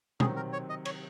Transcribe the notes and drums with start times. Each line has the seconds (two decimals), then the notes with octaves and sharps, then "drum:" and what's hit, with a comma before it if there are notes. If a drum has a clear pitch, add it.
0.20 C3 D#3 F#3 C4 G#4, drum: tom
0.36 A#4
0.53 C#5
0.70 D#5
0.85 C#5, drum: cymbal